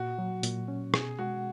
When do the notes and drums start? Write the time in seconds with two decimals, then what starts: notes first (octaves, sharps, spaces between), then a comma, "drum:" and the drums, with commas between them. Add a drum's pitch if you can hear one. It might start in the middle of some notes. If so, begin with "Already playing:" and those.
Already playing: A#2 F#4
0.19 F#3
0.43 A#2, drum: hi-hat
0.68 C#4
0.94 B2 G#4, drum: rim click
1.19 G#3 F#4